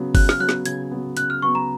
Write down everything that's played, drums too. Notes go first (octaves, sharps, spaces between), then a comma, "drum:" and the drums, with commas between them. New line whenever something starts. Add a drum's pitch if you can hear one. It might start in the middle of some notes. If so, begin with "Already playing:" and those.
Already playing: C#3 F#3 B3
C#3 F#6, drum: kick G1, open hi-hat
F6, drum: snare
F#3 B3 F#6
drum: snare
C#3 G#6, drum: hi-hat
F#3 B3
C#3 F#6, drum: hi-hat
F6
F#3 B3 C#6
A#5